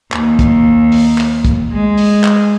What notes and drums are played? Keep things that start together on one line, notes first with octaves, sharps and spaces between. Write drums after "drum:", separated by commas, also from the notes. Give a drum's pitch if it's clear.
D#2, drum: clap
drum: kick, hi-hat
drum: open hi-hat
drum: clap
drum: kick, hi-hat
G#3
drum: open hi-hat
drum: clap